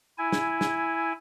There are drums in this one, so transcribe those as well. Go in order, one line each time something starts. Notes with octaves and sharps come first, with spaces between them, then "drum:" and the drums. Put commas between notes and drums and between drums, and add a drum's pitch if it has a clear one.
E4 G#5
drum: snare
drum: snare